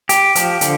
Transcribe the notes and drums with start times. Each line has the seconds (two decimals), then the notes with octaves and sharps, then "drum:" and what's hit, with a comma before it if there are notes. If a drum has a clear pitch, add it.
0.09 G4, drum: hi-hat
0.35 F3, drum: hi-hat
0.61 D3, drum: hi-hat